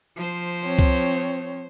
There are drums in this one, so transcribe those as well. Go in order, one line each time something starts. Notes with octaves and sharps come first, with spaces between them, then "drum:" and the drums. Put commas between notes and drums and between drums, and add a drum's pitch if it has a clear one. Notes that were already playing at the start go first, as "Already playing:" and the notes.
F3 C5
C4 C#5
drum: kick C2